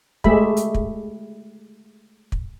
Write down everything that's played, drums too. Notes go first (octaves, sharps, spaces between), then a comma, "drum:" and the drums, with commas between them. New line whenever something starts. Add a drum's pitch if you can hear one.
G#3 A3 G4 G#4 E5 B5, drum: kick
drum: hi-hat
drum: kick
drum: kick